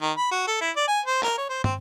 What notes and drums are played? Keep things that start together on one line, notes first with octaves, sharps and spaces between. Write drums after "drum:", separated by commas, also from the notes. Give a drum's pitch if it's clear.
D#3
B5
F#4
A4
E4
D5
G#5
C5
A#4, drum: clap
C#5
C5
C4, drum: tom